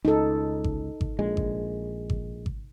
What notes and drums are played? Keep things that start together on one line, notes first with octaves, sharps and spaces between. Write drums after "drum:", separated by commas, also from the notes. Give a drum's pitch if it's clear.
C#2 D#4 A4
drum: kick G#1
drum: kick G#1
A#1 G#3
drum: kick G#1
drum: kick G#1
drum: kick G#1